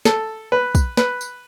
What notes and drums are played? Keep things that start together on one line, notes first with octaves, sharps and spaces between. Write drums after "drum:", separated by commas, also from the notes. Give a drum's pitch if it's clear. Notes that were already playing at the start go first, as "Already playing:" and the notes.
A4, drum: snare
B4
drum: kick, tambourine
B4, drum: snare
drum: tambourine